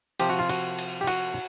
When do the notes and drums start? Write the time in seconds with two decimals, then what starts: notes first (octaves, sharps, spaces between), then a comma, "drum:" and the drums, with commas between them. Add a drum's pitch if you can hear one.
0.20 C3 F3 G4, drum: cymbal
0.30 F#4
0.39 F4
0.49 F#4, drum: cymbal
0.79 drum: cymbal
1.01 G4
1.07 F#4, drum: cymbal